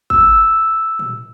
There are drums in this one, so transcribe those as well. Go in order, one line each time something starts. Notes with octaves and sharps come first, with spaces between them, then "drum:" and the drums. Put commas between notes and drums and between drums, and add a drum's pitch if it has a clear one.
E6, drum: kick G#1
drum: tom